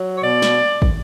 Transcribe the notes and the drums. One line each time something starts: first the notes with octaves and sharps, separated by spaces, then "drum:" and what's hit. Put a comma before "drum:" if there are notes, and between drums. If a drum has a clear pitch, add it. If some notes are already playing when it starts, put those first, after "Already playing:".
Already playing: F#3
C#5
B2 D5
drum: snare
drum: kick